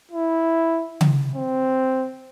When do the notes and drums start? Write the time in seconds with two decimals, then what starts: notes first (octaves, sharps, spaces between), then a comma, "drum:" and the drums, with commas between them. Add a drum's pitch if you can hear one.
0.12 E4
1.01 drum: tom C#3
1.35 C4